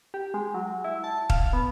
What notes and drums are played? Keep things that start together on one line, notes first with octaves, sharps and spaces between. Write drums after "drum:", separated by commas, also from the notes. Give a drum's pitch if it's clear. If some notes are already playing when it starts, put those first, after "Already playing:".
G4
G#3
F#3
E4
A5
F5, drum: kick
B3